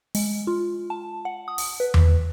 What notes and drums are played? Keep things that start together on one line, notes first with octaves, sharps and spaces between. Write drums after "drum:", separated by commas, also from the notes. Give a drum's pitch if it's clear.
G#3, drum: open hi-hat
F4
A5
F#5
D#6
drum: open hi-hat
B4
drum: tom E2